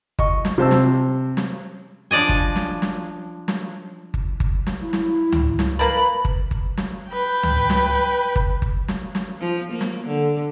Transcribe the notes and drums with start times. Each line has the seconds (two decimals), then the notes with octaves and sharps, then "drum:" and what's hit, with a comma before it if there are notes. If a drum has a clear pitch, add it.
0.19 D#5 C#6, drum: kick G1
0.45 drum: snare
0.58 C3 C5 A5 E6
0.71 drum: snare
1.37 drum: snare
2.11 F3 D4 D5 D#5 G#5
2.29 drum: kick G1
2.56 drum: snare
2.82 drum: snare
3.48 drum: snare
4.14 drum: kick G1
4.40 drum: kick G1
4.67 drum: snare
4.82 E4
4.93 drum: snare
5.32 drum: tom C#2
5.59 drum: snare
5.79 A#3 A#4 B4 A5 B5
6.25 drum: kick G1
6.51 drum: kick G1
6.77 drum: snare
7.09 B4 G5
7.43 drum: tom C#2
7.70 drum: snare
8.36 drum: kick G1
8.62 drum: kick G1
8.88 drum: snare
9.15 drum: snare
9.40 F3
9.71 A#3
9.81 drum: snare
10.07 D3